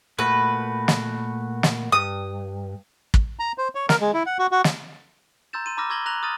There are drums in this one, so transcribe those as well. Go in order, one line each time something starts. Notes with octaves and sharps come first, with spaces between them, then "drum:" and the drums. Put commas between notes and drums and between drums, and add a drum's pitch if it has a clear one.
A#2 A3 F#4 B4
drum: snare
drum: snare
G2 D#6
drum: kick
A#5
C5
C#5
A#4, drum: snare
G#3
E4
F#5
F#4
F#4
drum: snare
A#5 C6 E6 G6 A6 E7
C6 D#7
A#5 B5 D6 E6 F6 A#6
C#6 E6 G#6 A#6 F#7 G7
A#5 F#6 A#6 F7 F#7
C6 D#6 F6 A6 D#7